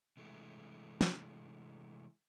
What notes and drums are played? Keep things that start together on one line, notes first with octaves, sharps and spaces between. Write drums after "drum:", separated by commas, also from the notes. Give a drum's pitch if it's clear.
C3 E3 G#3 A3
drum: snare